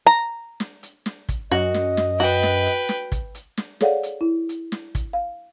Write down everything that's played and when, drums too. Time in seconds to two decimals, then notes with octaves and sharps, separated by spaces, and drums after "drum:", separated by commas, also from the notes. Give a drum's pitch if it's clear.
0.07 A#5
0.60 drum: snare
0.83 drum: hi-hat
1.06 drum: snare
1.29 drum: kick, hi-hat
1.52 F#2 F#4 D#5
1.74 drum: snare
1.97 drum: snare
2.20 F#4 B4 G5, drum: hi-hat
2.43 drum: snare
2.66 drum: hi-hat
2.89 drum: snare
3.12 drum: kick, hi-hat
3.35 drum: hi-hat
3.57 drum: snare
3.81 G#4 A4 C#5 D5 F5 F#5, drum: snare
4.03 drum: hi-hat
4.21 E4
4.49 drum: hi-hat
4.72 drum: snare
4.95 drum: kick, hi-hat
5.13 F5